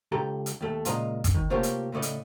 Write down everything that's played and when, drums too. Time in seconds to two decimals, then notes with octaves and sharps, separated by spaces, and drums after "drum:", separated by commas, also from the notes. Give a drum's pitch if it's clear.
0.12 C#2 G4 A4 A#5
0.46 drum: hi-hat
0.61 D#2 A3
0.85 A#2 C#3 G#3 F4 D#5 A#5, drum: hi-hat
1.24 drum: kick, hi-hat
1.34 D#3
1.50 C3 A3 A#3 C#4 F4 G4
1.63 drum: hi-hat
1.92 A2 C#3 A3 D5 D#5
2.02 drum: hi-hat